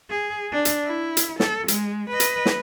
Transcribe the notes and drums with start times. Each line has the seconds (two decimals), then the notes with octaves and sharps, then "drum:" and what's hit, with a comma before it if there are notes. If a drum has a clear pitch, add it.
0.10 G#4
0.52 D4
0.65 drum: hi-hat
0.85 E4
1.17 drum: hi-hat
1.40 A4, drum: snare
1.68 G#3, drum: hi-hat
2.10 B4 D#5
2.20 drum: hi-hat
2.46 drum: snare